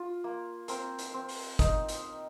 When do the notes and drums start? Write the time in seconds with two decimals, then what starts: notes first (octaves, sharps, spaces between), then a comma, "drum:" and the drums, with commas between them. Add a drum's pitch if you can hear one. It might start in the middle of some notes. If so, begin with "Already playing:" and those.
Already playing: F4
0.24 A#3
0.68 C4 A#4, drum: hi-hat
0.99 drum: hi-hat
1.14 C4
1.29 drum: open hi-hat
1.59 D#4, drum: kick, hi-hat
1.89 drum: hi-hat